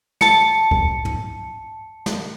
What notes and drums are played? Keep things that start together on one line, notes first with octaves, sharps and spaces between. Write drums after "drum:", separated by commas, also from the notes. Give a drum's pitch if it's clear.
A5 C#7, drum: snare
drum: kick C#2
drum: tom
drum: snare